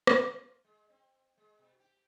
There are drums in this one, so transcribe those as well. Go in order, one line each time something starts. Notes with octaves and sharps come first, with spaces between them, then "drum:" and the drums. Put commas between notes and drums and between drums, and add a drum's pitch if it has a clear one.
drum: rim click
F4
G#3
C4
G#3
B2
G4